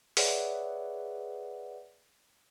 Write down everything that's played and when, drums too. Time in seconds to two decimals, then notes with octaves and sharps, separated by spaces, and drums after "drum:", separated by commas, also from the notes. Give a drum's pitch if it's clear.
0.17 G#4 B4 C#5 D5 E5 F#5, drum: open hi-hat